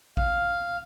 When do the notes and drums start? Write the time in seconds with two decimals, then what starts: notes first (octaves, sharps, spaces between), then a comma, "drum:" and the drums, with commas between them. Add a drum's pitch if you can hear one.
0.17 F5, drum: kick A1